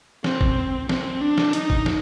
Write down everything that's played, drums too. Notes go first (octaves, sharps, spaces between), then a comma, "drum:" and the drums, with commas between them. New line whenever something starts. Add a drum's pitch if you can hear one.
C4, drum: snare
drum: kick
C4, drum: snare
D4
drum: snare
D#4, drum: hi-hat
drum: kick
drum: snare